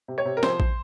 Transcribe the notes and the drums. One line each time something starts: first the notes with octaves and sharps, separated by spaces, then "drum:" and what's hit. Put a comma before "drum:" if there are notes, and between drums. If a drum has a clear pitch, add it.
C3
C#5
C3
A#4
F3 C5, drum: snare
drum: kick A1